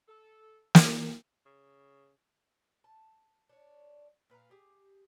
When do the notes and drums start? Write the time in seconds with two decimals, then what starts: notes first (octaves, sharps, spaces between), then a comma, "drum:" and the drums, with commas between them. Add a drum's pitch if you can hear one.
0.08 A4
0.75 drum: snare
1.46 C#3
2.84 A5
3.49 D4 C#5
4.30 A#2 B4 F5 A#5
4.51 G4 G#4